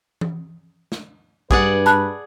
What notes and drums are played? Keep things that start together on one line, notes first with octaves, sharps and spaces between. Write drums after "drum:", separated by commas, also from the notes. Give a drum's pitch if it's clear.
drum: tom E3
drum: snare
G2 G#4 B4 D5 F#5, drum: kick
A5 B5 F#6, drum: hi-hat